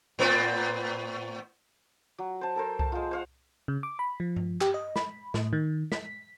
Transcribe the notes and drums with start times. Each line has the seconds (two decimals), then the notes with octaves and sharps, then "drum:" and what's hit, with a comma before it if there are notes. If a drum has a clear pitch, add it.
0.19 A2 B3 C4
2.18 F#3
2.41 C5 A5
2.56 A4 A#4 C5
2.79 A5, drum: kick C2
2.92 G#3 F4
3.11 C5 F5 F#5
3.68 C#3
3.83 D6
3.99 B5
4.20 F3
4.36 drum: tom G2
4.61 G4, drum: clap
4.74 D#5
4.96 B5, drum: snare
5.34 A2, drum: snare
5.53 D#3
5.92 B6, drum: snare